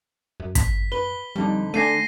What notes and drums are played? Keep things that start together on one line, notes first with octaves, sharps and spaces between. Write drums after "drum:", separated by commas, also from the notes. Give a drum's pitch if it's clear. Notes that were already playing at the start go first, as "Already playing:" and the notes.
F#2
B6, drum: kick, hi-hat
B4 G7
F2 D3 G3 D#4
D3 A3 D4 G#5 A#6 C7 D#7